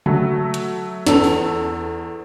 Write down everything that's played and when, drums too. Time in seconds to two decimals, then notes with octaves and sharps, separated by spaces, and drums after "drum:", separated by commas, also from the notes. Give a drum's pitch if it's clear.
0.06 F#3 A3, drum: tom C#3
0.54 drum: hi-hat
1.07 E2 A4 F7, drum: snare
1.24 drum: open hi-hat